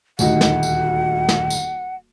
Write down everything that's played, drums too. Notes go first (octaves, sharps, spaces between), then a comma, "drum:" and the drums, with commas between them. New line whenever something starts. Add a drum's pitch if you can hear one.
D#1 D2 D#4 F#5, drum: tambourine
drum: snare
drum: tambourine
drum: snare
drum: tambourine